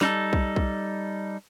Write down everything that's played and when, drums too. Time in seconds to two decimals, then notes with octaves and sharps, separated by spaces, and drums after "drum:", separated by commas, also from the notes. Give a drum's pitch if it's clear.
0.01 G3 D#4 A4, drum: snare
0.33 drum: kick B1
0.56 drum: kick B1